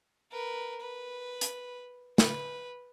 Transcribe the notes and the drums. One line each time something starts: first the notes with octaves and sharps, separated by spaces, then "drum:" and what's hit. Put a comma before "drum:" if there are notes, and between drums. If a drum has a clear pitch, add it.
A#4 B4
B4
drum: hi-hat
B4, drum: snare